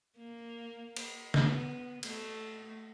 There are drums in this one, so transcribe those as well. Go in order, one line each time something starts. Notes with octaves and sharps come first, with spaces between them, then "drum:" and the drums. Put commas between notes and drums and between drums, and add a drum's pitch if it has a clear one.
A#3
drum: cymbal
B3, drum: snare
A3, drum: cymbal